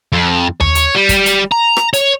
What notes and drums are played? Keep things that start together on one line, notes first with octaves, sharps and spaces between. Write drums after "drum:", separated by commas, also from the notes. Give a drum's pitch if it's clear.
F2
C#5, drum: tom D#2
drum: hi-hat
G3
drum: kick, hi-hat
drum: hi-hat
A#5
drum: rim click
C#5, drum: hi-hat